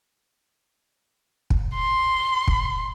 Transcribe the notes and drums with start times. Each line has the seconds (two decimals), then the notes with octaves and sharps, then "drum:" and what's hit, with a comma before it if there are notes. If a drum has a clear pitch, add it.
1.50 drum: kick
1.75 C6
2.48 drum: kick